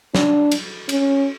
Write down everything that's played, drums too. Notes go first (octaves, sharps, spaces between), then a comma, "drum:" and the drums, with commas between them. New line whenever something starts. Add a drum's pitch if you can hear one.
D4, drum: snare
drum: cymbal
C#4, drum: cymbal